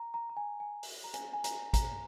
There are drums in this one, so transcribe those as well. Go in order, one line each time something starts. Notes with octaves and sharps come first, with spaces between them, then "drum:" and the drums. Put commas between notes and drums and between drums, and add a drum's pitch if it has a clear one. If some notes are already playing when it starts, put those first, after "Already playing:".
Already playing: A#5
A#5
A#5
G#5
G#5
drum: open hi-hat
A#5
G#5, drum: hi-hat
G#5
A#5, drum: hi-hat
A#5, drum: kick, hi-hat